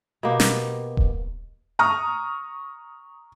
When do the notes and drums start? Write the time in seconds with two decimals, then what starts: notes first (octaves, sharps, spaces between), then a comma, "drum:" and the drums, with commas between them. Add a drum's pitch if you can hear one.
0.23 B2 A#3 G4
0.40 drum: snare
0.97 drum: kick D#1
1.79 A#5 C#6 D#6 F6